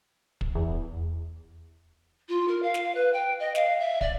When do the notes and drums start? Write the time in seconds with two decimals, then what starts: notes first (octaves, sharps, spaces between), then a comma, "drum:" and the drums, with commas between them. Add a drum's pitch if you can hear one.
0.41 drum: kick
0.55 E2
2.28 F4
2.47 A#4
2.62 F5
2.74 drum: snare
2.94 B4
3.13 G5
3.39 D#5
3.55 F5, drum: snare
3.80 E5
4.01 D5, drum: kick